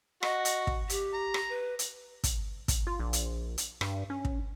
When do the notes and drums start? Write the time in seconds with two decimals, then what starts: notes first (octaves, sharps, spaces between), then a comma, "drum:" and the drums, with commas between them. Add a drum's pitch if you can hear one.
0.23 F#4 D#5, drum: rim click
0.45 drum: hi-hat
0.67 drum: kick
0.90 G4, drum: hi-hat
1.14 A#5
1.34 drum: rim click
1.49 B4
1.79 drum: hi-hat
2.24 drum: kick, hi-hat
2.68 drum: kick, hi-hat
2.87 F4
3.00 A#1
3.13 drum: hi-hat
3.58 drum: hi-hat
3.81 G2, drum: rim click
4.10 C#4
4.25 drum: kick